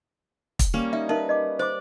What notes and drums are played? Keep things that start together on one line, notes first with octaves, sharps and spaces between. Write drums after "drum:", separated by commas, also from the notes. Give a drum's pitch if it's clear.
drum: kick, hi-hat
G3 A#3 C#4
D#4 E5
D#4 A#4 B4 E5
D#5 D6
C5 D5 D6